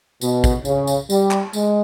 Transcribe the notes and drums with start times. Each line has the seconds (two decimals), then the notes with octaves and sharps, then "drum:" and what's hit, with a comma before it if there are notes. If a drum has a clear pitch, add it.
0.21 B2, drum: tambourine
0.44 drum: kick, tambourine
0.65 C#3, drum: tambourine
0.87 drum: tambourine
1.10 G3, drum: tambourine
1.31 drum: clap
1.53 G#3, drum: tambourine